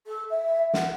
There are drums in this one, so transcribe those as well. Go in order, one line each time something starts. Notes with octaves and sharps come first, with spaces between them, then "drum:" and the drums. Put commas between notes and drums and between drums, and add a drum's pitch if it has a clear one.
A4
E5
F#5, drum: snare